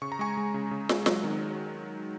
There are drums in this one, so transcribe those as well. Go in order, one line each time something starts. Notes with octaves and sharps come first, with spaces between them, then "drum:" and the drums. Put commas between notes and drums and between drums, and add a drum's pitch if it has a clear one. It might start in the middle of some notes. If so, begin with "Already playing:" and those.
C#3 C#6
A#5
G#3 G#5 C#6
G#3
C#3
C#3
G#3, drum: snare
F#3, drum: snare
D#3